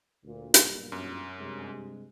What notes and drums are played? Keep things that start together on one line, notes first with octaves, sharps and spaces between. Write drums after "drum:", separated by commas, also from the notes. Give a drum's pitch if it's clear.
D2 A#2
B1 G2 A#2, drum: hi-hat
F#2
G2 C3 G#3